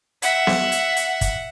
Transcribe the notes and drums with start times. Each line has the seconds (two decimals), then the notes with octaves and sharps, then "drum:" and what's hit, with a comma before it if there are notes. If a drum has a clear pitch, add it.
0.22 E5 F#5, drum: hi-hat
0.47 drum: snare B3
0.72 drum: hi-hat
0.96 drum: hi-hat
1.21 drum: kick, hi-hat